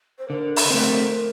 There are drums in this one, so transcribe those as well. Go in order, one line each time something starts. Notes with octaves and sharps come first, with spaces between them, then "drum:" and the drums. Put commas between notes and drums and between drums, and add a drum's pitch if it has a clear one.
C5
D3 A#4
drum: open hi-hat
A3 C4